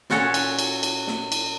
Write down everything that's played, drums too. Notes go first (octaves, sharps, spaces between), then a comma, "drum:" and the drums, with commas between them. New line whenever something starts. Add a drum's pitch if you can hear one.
A#2 C#4 F#4 A4 C#5, drum: snare
drum: cymbal
drum: cymbal
drum: cymbal
drum: snare
drum: cymbal